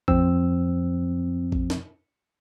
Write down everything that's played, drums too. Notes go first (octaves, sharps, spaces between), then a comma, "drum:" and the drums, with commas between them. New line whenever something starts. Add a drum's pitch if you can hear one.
F2 F3 C4 E6, drum: kick A1
drum: kick A1
drum: snare